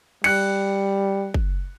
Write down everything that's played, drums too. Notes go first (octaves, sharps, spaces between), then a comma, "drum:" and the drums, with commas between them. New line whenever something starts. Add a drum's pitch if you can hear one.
G3 F#6 C#7, drum: cymbal
drum: kick